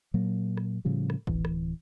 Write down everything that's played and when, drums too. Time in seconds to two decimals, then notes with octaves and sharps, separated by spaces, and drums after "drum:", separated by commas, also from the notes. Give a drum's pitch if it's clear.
0.14 A#2 F#3 A#3
0.57 drum: rim click
0.85 A2 C#3 F3 G3
1.10 drum: rim click
1.27 D1 E3, drum: kick G#1
1.45 drum: rim click